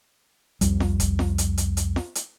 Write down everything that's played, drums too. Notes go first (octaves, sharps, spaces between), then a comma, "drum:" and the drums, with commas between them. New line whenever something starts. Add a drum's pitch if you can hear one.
C2 F2 G3, drum: hi-hat
drum: snare
drum: kick F1, hi-hat
drum: snare
drum: hi-hat
drum: hi-hat
drum: hi-hat
drum: snare
drum: hi-hat